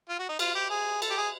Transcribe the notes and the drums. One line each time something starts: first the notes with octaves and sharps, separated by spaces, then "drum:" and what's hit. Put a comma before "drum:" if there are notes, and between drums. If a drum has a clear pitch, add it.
F4
F#4
D#4
F4, drum: cymbal
G4
G#4
A4, drum: cymbal
G4
G#4